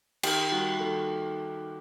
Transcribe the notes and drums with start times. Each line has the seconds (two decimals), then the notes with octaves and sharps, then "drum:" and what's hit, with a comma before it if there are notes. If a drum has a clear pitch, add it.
0.23 D#3 G4, drum: cymbal
0.52 G3 F#4
0.80 D#3 A4